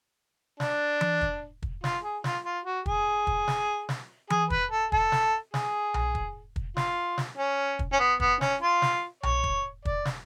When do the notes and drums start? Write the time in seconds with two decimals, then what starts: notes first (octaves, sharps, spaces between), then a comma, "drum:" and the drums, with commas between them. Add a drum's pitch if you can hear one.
0.60 D4, drum: snare
1.01 drum: tom E3
1.21 drum: kick
1.63 drum: kick
1.84 F4, drum: snare
2.03 G#4
2.24 F4, drum: snare
2.45 F4
2.66 F#4
2.86 G#4, drum: kick
3.27 drum: kick
3.48 drum: snare
3.89 drum: snare
4.30 G#4, drum: tom E3
4.50 B4, drum: kick
4.71 A4
4.92 A4, drum: kick
5.12 drum: snare
5.54 G#4, drum: snare
5.94 drum: tom B1
6.15 drum: kick
6.56 drum: kick
6.77 F4, drum: snare
7.18 drum: snare
7.38 C#4
7.79 drum: kick
7.92 C#4
8.00 B3
8.20 B3, drum: kick
8.41 C#4, drum: snare
8.62 F4
8.82 drum: snare
9.23 C#5, drum: tom B1
9.44 drum: kick
9.85 D5, drum: kick
10.05 drum: snare